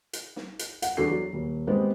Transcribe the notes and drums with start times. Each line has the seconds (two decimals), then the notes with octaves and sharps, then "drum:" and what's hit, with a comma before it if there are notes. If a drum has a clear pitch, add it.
0.13 drum: hi-hat
0.36 drum: snare
0.59 drum: hi-hat
0.82 F#5, drum: hi-hat
0.97 E2 D4 F#4 A4 C7
1.10 F#3
1.33 D#1
1.67 G#3 B3 C4 G4